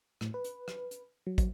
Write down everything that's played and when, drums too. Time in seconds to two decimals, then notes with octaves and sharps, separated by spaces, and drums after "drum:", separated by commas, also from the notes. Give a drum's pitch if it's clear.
0.21 A2, drum: rim click
0.34 B4
0.44 drum: hi-hat
0.68 drum: rim click
0.91 drum: hi-hat
1.27 F#3
1.38 drum: kick, hi-hat